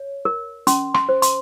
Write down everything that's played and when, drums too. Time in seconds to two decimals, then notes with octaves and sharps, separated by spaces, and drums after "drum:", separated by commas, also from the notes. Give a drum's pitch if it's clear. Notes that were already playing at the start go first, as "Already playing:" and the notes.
Already playing: C#5
0.25 A#4
0.67 C#4 C6, drum: hi-hat
0.94 C6, drum: rim click
1.09 C5
1.22 C6, drum: hi-hat